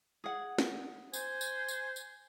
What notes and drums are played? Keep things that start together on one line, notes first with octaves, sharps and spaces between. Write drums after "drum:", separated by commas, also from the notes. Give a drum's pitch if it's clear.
G#4 F#5
drum: snare
C5 G#5, drum: tambourine
drum: tambourine
drum: tambourine
drum: tambourine